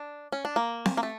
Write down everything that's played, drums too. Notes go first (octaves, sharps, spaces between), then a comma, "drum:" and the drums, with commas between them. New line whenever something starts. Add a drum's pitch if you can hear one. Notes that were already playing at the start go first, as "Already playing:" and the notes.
Already playing: D4
C#4
D4
A#3
drum: snare C4
A#3
A3